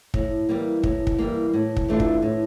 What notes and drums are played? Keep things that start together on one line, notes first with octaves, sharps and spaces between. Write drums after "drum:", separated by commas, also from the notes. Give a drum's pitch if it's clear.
A2, drum: kick
E3 G3 A#3
A2, drum: kick
drum: kick
E3 G3 A#3
A2
drum: kick
E3 A3 D4 F4
drum: kick
A2